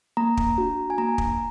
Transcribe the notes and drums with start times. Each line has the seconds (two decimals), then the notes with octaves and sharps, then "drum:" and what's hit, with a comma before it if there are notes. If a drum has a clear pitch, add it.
0.17 A#3 A#5
0.37 drum: kick
0.58 D4 F#4
0.90 G#5
0.98 A#3 A#5
1.18 drum: kick